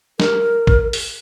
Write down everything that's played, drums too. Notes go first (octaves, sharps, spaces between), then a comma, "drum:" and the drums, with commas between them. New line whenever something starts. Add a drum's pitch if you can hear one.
A#4, drum: snare
drum: kick
drum: open hi-hat